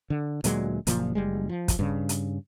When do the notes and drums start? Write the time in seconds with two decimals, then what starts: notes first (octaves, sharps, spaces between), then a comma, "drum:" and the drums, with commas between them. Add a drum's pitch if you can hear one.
0.10 D3
0.44 D2 A#2 F#3 G#3, drum: hi-hat
0.87 F#1 A#2 F3, drum: hi-hat
1.15 F#1 G3 G#3
1.49 F3
1.68 drum: kick, hi-hat
1.79 G2 C#3
2.09 drum: hi-hat